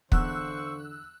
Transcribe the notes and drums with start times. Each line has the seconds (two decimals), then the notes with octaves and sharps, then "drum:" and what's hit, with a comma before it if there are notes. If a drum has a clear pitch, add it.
0.12 E2 D3 C5 F5 C#6 E6 F#6, drum: kick